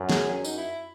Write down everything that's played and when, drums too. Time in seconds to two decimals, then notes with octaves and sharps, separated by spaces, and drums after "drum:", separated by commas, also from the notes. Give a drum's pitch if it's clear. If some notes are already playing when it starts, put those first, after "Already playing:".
Already playing: F#2
0.09 G#4, drum: snare
0.31 C#4
0.44 D#4, drum: tambourine
0.58 E4